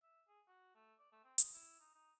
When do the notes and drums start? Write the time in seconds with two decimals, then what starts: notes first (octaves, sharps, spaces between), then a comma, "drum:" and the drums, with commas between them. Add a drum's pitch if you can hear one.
0.03 E5
0.28 G#4
0.47 F#4
0.75 A3
0.99 D5
1.12 A3
1.24 C4
1.38 G#3, drum: hi-hat
1.53 E4
1.80 D#4
1.94 D#4